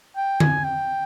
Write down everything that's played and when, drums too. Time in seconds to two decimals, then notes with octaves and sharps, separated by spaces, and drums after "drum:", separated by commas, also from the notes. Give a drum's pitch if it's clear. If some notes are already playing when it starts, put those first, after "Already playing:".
0.17 G5
0.40 G#5, drum: tom D3
0.64 G5